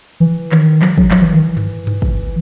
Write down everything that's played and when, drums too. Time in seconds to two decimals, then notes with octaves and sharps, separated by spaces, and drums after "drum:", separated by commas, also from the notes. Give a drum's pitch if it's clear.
0.20 E3
0.52 D#3, drum: clap
0.82 F#3, drum: clap
0.98 F#3, drum: kick
1.11 F#3, drum: clap
1.22 E3
1.33 D#3
1.42 E3
1.57 drum: tom G2
1.87 drum: tom G2
2.02 drum: kick